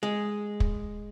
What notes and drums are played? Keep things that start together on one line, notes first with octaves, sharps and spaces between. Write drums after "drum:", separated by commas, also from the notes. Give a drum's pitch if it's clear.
G#3
drum: kick